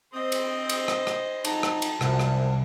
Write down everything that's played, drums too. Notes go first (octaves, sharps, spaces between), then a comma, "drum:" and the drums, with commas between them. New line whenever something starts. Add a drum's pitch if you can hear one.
C4 C5 D#5 D#6
drum: cymbal
drum: cymbal
drum: rim click
drum: rim click
F2 F#3 D#4 A5, drum: cymbal
drum: rim click
drum: cymbal
C2 F#2 F3, drum: rim click
drum: rim click